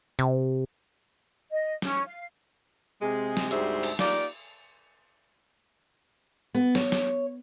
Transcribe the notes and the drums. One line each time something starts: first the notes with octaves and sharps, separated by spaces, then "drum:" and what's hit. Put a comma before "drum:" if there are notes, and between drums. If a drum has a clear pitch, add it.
C3, drum: hi-hat
D#5
C#4, drum: snare
F5
C3 G#3 G#4
drum: snare
D2 G#2 G3 C4 G#4 E5, drum: hi-hat
drum: cymbal
A#3 D#4 F4 G4 D5, drum: snare
B3
C#5, drum: snare
drum: snare